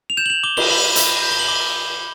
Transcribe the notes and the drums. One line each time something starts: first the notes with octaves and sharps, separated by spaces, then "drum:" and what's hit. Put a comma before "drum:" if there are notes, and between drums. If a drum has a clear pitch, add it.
F7
G6 E7
F#7
F7
D6 G7
G7, drum: cymbal
B5 F#7
B5, drum: hi-hat
G6
G7
F#7
D6 G7